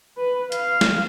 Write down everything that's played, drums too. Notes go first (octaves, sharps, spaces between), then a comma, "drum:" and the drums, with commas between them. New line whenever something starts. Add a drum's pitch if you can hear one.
B4
F5, drum: hi-hat
drum: snare